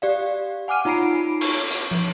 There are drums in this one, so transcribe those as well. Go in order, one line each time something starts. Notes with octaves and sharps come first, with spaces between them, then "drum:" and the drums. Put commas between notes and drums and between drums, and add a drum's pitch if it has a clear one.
G4 D5 F5
F#5 G#5 D6 F6 D#7
D#4 F4 A#5 B5 C7 D7
C#6, drum: cymbal
drum: tambourine
drum: hi-hat
F3